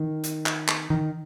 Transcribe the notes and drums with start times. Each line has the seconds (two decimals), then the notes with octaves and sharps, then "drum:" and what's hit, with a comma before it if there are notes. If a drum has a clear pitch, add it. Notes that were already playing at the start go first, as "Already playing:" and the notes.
Already playing: D#3
0.24 drum: hi-hat
0.46 drum: clap
0.68 drum: clap
0.90 D#3